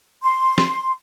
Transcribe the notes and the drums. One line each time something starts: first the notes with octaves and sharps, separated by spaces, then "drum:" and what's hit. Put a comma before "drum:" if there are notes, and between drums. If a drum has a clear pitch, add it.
C6
drum: snare